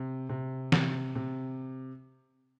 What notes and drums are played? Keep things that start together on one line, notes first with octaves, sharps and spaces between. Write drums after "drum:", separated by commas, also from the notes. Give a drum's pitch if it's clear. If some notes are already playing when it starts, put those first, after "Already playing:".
Already playing: C3
C3
C3, drum: snare
C3